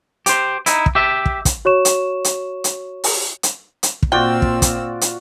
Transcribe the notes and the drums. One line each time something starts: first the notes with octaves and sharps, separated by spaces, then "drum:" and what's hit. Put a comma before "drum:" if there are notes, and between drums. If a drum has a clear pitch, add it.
G4 C5, drum: hi-hat
D#4 E4, drum: hi-hat
drum: kick
G4 E5
drum: kick
drum: kick, hi-hat
F#4 C#5 C#6 E7
drum: hi-hat
drum: hi-hat
drum: hi-hat
drum: open hi-hat
drum: hi-hat
drum: hi-hat
drum: kick
A#2 C4 F4 F#4 D5 G5 E6
drum: kick
drum: kick, hi-hat
drum: hi-hat